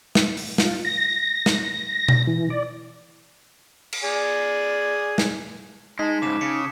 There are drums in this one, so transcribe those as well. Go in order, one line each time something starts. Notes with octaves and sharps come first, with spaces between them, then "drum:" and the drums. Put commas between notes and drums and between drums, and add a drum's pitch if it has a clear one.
drum: snare
drum: open hi-hat
F4, drum: snare
A#6
drum: snare
drum: tom B2
E3
D5
drum: cymbal
G#4 D5
drum: snare
G#3 D#4 A5 B6
G#2 C#3 D6 E7
C#3 B6 C#7